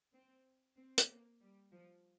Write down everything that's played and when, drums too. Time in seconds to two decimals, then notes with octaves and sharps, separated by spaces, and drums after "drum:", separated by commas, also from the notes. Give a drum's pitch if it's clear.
0.12 C4
0.77 C4
0.98 drum: hi-hat
1.09 A#3
1.41 G3
1.72 F3